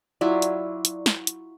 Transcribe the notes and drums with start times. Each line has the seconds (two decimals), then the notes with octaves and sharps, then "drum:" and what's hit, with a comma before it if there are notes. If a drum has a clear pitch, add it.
0.21 F#3 E4 F4 D5
0.42 drum: hi-hat
0.85 drum: hi-hat
1.06 drum: snare
1.27 drum: hi-hat